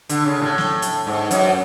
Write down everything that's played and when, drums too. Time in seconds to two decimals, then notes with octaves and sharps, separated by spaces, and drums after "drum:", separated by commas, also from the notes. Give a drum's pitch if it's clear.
0.09 D3, drum: hi-hat
0.26 C#3
0.42 A2
0.58 drum: snare
0.82 drum: hi-hat
1.07 G#2
1.31 F#2, drum: hi-hat